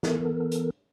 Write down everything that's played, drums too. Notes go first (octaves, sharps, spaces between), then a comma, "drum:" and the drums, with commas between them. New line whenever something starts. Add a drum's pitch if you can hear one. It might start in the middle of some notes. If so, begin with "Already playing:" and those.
E3 B3 A4 A#4, drum: snare
drum: hi-hat